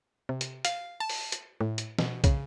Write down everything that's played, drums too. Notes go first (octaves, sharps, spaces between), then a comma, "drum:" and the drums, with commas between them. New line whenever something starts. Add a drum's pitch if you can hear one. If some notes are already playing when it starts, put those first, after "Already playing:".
C3
drum: hi-hat
F5, drum: hi-hat
A5
drum: open hi-hat
drum: hi-hat
A2
drum: hi-hat
B2, drum: snare
C#3, drum: kick, hi-hat